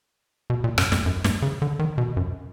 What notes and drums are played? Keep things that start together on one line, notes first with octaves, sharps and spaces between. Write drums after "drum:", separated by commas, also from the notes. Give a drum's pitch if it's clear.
B2
A#2
F#2, drum: rim click
F2, drum: snare
F#2
G2, drum: snare
C#3
D3
D#3
B2
F#2